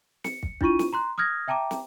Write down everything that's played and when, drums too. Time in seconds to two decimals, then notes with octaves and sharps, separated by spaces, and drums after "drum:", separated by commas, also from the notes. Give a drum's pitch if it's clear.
0.24 C#7, drum: snare
0.43 drum: kick
0.61 D4 E4 F4 C#6 D#7, drum: kick
0.79 drum: snare
0.93 A#5 C6 F#6
1.18 D#6 F6 F#6 G#6 A#6
1.48 E5 G5 A5 A#5 D6
1.71 drum: snare